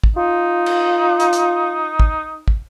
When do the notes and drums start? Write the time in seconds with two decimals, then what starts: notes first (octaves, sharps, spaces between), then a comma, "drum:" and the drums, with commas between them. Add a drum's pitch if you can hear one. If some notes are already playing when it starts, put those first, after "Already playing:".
0.04 drum: kick
0.17 D#4 F4
0.66 drum: cymbal
1.20 drum: hi-hat
1.33 drum: hi-hat
2.00 drum: kick
2.48 drum: kick